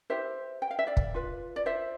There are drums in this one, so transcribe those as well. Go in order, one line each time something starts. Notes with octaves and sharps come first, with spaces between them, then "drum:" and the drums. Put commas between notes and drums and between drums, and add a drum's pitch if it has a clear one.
E4 G4 B4 C5 E5
G5
F5
E5
D5 F5
drum: kick
F4 B4
D5
C5 E5